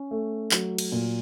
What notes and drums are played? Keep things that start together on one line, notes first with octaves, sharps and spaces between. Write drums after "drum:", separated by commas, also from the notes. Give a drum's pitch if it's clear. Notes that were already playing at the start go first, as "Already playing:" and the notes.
Already playing: C#4
A3
F#3, drum: clap
drum: cymbal
A#2